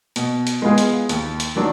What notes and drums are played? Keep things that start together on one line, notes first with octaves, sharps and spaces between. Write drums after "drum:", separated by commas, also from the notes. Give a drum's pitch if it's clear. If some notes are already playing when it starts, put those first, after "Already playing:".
B2, drum: hi-hat
drum: hi-hat
G#3 B3 F4 G#4
drum: hi-hat
D#2, drum: hi-hat
drum: hi-hat
D#3 F#3 D4